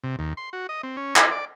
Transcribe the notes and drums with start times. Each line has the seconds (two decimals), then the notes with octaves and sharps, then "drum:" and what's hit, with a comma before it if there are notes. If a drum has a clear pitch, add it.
0.04 C3
0.19 D#2
0.37 C6
0.53 F#4
0.69 D#5
0.83 C4
0.97 C#4
1.16 E4, drum: clap
1.31 D5